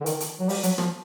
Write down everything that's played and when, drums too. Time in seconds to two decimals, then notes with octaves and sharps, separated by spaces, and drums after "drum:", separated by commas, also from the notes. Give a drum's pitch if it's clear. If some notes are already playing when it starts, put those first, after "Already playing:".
0.01 D3
0.06 D#3, drum: hi-hat
0.20 drum: hi-hat
0.40 F#3
0.49 G3, drum: open hi-hat
0.63 F#3, drum: hi-hat
0.78 F3, drum: rim click